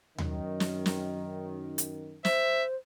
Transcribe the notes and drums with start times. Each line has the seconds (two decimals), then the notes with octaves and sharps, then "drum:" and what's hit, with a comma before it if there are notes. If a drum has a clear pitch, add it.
0.18 F#2 D#3, drum: tom D#2
0.60 drum: snare
0.86 drum: snare
1.78 drum: hi-hat
2.25 C5 E5, drum: snare